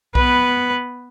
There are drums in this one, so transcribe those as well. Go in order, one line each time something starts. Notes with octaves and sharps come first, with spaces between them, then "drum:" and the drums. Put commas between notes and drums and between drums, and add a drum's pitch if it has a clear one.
B3 B4, drum: kick B1